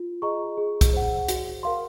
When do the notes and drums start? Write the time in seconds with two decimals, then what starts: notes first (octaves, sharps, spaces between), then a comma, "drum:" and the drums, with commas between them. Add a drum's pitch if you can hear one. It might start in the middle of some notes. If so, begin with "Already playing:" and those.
Already playing: F4
0.22 G#4 D#5 A#5 C#6
0.58 G#4
0.81 drum: kick, hi-hat
0.93 C5 F#5
1.28 F#4, drum: hi-hat
1.63 A#4 F5 C6